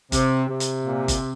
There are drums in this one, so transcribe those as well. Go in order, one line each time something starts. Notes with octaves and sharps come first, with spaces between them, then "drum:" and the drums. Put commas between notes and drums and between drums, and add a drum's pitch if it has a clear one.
C3, drum: kick G1, hi-hat
C3
drum: hi-hat
A#2
drum: kick G1, hi-hat